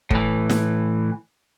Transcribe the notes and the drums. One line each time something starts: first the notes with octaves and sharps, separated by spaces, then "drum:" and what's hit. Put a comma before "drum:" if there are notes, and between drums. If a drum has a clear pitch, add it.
A2 E3, drum: kick
drum: snare